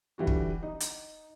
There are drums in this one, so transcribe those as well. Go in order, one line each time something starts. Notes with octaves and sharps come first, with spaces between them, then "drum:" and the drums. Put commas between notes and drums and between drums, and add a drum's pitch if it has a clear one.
D3 E3 G3 F#4
drum: kick
D#4
drum: hi-hat